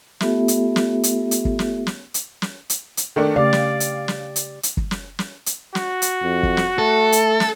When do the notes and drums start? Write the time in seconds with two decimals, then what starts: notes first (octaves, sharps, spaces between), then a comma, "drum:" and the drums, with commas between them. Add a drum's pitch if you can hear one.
0.20 A3 B3 F4 G4 A4 E5, drum: snare
0.48 drum: hi-hat
0.76 drum: snare
1.04 drum: hi-hat
1.31 drum: hi-hat
1.45 drum: kick
1.59 drum: snare
1.87 drum: snare
2.14 drum: hi-hat
2.42 drum: snare
2.70 drum: hi-hat
2.97 drum: hi-hat
3.16 D#3 A3 D4
3.36 C#3 A3 C#4 G4 D5 F5
3.53 drum: snare
3.80 drum: hi-hat
4.08 drum: snare
4.36 drum: hi-hat
4.63 drum: hi-hat
4.77 drum: kick
4.91 drum: snare
5.19 drum: snare
5.46 drum: hi-hat
5.75 F#4, drum: snare
6.02 drum: hi-hat
6.23 F2
6.43 drum: kick
6.57 drum: snare
6.78 A3 A4
7.12 drum: hi-hat
7.40 drum: snare